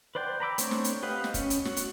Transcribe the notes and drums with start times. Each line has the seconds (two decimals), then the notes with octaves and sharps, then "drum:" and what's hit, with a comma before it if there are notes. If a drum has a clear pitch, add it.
0.15 B4 C5 D5 F#5 G5
0.40 A#5 B5 D6 E6
0.58 A3 C4 D4 C5 C#5, drum: hi-hat
0.71 drum: snare
0.84 drum: hi-hat
1.03 G4 B4 D#5 F5 F#5
1.24 drum: snare
1.34 C#4, drum: kick, hi-hat
1.50 drum: hi-hat
1.65 F#4, drum: snare
1.77 drum: hi-hat